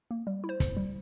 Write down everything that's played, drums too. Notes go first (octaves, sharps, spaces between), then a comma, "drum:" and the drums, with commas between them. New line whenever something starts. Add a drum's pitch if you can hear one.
A#3
G3
E4
C5
F2, drum: kick, hi-hat
G3